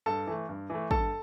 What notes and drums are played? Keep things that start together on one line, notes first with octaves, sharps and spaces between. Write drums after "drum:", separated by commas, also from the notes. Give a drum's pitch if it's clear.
G2 A4 A5
E3 A3
G2
E3 A3
G2 A4 A5, drum: kick